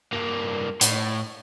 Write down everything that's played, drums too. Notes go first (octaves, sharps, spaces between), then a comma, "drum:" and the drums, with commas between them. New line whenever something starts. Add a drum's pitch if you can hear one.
G2 A#3
A2, drum: hi-hat